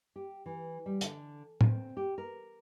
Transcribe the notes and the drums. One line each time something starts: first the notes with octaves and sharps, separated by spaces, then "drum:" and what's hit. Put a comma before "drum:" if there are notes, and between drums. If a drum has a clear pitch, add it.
G4
E3
G3
D3, drum: hi-hat
C4, drum: tom
G4
A#4